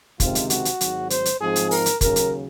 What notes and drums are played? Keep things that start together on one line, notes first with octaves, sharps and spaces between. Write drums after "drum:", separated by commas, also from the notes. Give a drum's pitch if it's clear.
C#2 C3 D#3 G#3 C4 F4, drum: kick, hi-hat
drum: hi-hat
F#4, drum: hi-hat
drum: hi-hat
G#1 G#2 F#3, drum: hi-hat
C5, drum: hi-hat
drum: hi-hat
G#2 F3 G#3 C4 G#4
drum: hi-hat
A#4, drum: open hi-hat
drum: hi-hat
D#2 C#3 F#3 A#4, drum: kick, hi-hat
drum: hi-hat